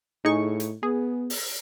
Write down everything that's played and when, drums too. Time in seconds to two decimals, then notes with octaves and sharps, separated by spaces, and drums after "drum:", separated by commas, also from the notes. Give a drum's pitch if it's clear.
0.25 A2 D#4 G#4 C#6
0.60 drum: hi-hat
0.83 B3 G#4
1.30 drum: open hi-hat